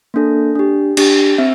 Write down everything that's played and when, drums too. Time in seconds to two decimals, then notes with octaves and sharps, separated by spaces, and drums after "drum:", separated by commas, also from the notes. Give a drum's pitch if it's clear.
0.14 A#3 D4 A4
0.55 D4 G4
0.97 D4 G4, drum: cymbal
1.38 C4 E5